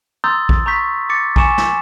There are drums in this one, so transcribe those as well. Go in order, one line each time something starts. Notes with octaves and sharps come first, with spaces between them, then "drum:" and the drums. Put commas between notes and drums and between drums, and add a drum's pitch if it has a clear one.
A#5 C6 D#6 E6 G6 A6
drum: kick A#1
A#5 C#6 G6 B6
D6 A6 C#7
G#5 A#5 C#6 D6 C#7 E7, drum: kick A#1
drum: snare